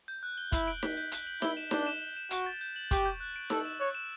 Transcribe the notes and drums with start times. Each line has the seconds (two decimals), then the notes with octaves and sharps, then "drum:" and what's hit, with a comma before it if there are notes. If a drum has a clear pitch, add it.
0.08 G6
0.23 F#6
0.37 G7
0.52 E4 F#7, drum: kick, hi-hat
0.67 D7
0.83 B6, drum: snare D#4
0.97 G6
1.12 F#6, drum: hi-hat
1.27 F#7
1.42 E4 G7, drum: snare D#4
1.57 E7
1.71 D4 G6, drum: snare D#4
1.87 E7
2.02 G7
2.16 E7
2.31 F#4 D7, drum: hi-hat
2.46 A6
2.61 G6
2.76 F#7
2.91 G4 C#6, drum: kick, hi-hat
3.06 G6
3.20 F#6
3.36 D7
3.50 A4 E6, drum: snare D#4
3.65 E7
3.80 C#5 F#6
3.95 E7